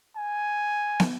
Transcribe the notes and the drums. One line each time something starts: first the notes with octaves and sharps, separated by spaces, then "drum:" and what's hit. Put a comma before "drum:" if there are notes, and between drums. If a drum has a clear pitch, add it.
G#5
drum: snare